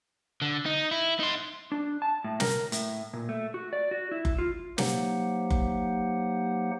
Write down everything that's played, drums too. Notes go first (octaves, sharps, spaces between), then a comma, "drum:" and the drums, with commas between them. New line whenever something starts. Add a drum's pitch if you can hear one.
D3
D#4
E4
D#4 C6
D4
A5
A2
A#4, drum: snare
A2, drum: hi-hat
A#2
A3
F#4
D5
F#4
E4
drum: kick F#1
F4
F#3 A#3 D#4 G4 C5 F#5, drum: snare
drum: kick F#1